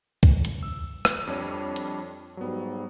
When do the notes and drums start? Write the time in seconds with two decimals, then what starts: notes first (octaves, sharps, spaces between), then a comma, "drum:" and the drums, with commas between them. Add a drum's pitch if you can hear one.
0.23 drum: kick
0.45 drum: hi-hat
0.63 E6
1.05 drum: rim click
1.27 F2 G3 D4 C#5
1.76 drum: hi-hat
2.37 G#2 F#3 G3 B3